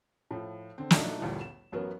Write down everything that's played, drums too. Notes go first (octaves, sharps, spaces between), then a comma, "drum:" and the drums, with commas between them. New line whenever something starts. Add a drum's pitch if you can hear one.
A2 F3
D3 C4
A#2 F#3 A3 D4 D#4, drum: snare
G1 D2 A#2 E3 G3
E7
A1 F#3 B3 A#4